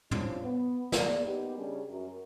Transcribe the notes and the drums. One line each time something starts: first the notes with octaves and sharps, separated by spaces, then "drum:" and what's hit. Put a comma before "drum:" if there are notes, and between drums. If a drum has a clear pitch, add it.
F3 G3 C#4 D4 F4, drum: tom
B3
E2 A#3 D5, drum: snare
A#3 B3 D#4 G4
C#3 G3 C#4 D4 G4 G#4
F#2 F#4 A#4